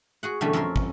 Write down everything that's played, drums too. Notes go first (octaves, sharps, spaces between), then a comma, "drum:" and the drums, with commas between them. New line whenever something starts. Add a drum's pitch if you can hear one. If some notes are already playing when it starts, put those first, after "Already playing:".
F#4 G#4 F#5
B2 D3 E3 G3 A3 C#4
F2 C#4 A4 A#4 C6
drum: kick